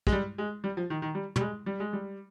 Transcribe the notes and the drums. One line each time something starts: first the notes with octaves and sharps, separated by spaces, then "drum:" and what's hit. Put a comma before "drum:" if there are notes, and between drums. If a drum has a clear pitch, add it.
G#3, drum: kick
G3
G#3
G3
F3
D#3
D#3
G3
G3, drum: tom
G#3
G3
G#3
G3